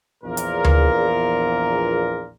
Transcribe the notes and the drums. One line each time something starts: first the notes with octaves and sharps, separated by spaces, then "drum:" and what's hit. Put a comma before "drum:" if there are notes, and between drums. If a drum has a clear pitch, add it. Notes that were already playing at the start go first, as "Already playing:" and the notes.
A#1 E2 A#2 A#4
drum: hi-hat
drum: tom D2